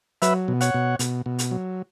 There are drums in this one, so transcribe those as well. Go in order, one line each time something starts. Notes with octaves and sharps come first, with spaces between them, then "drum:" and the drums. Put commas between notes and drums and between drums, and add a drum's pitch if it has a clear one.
F#3 B4 E5, drum: hi-hat
B2
C#5 F#5, drum: hi-hat
B2
B2, drum: hi-hat
B2
drum: hi-hat
F#3